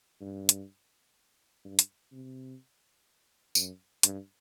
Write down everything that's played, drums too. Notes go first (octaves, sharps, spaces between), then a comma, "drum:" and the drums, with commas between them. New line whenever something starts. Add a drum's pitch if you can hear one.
G2
drum: hi-hat
G2
drum: hi-hat
C3
F#2, drum: tambourine
G2, drum: hi-hat